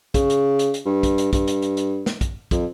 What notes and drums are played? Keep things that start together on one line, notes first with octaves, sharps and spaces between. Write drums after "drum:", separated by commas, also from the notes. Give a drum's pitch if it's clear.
C#3, drum: kick, hi-hat
drum: hi-hat
drum: hi-hat
drum: hi-hat
G2
drum: kick, hi-hat
drum: hi-hat
G2, drum: kick, hi-hat
drum: hi-hat
drum: hi-hat
drum: hi-hat
drum: snare
drum: kick, hi-hat
F2, drum: kick, hi-hat